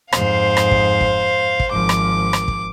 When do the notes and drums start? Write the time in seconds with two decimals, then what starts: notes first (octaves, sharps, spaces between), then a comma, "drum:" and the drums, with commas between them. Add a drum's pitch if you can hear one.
0.13 F2 G#2 C5 F5, drum: rim click
0.57 drum: rim click
0.71 drum: kick
1.01 drum: kick
1.60 drum: kick
1.72 G#1 F3 D6
1.89 drum: rim click
2.33 drum: rim click
2.48 drum: kick